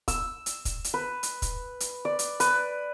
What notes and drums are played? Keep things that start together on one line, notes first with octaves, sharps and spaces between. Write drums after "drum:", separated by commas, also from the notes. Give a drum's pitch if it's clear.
E6, drum: kick, hi-hat
drum: hi-hat
drum: kick, hi-hat
drum: hi-hat
B4
drum: hi-hat
drum: kick, hi-hat
drum: hi-hat
D5
drum: hi-hat
B4, drum: hi-hat